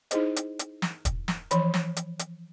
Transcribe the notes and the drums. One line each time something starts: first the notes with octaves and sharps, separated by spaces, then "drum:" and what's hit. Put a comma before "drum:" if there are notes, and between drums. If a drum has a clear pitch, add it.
D#4 E4 G#4 C5 D#5, drum: hi-hat
drum: hi-hat
drum: hi-hat
drum: snare
drum: kick, hi-hat
drum: snare
E3 F3 C#5 B5, drum: hi-hat
drum: snare
drum: hi-hat
drum: hi-hat